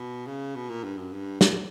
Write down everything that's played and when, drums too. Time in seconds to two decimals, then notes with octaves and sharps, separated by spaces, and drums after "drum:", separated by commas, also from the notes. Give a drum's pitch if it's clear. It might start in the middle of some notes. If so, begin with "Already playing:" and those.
Already playing: B2
0.27 C#3
0.55 B2
0.69 A#2
0.84 G2
0.98 F#2
1.12 G2
1.41 A#2, drum: snare